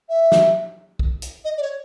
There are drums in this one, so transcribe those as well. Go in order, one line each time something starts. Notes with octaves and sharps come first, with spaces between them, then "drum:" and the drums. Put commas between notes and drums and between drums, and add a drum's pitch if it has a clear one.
E5
drum: snare
drum: kick B1
drum: hi-hat
D#5
D5
C#5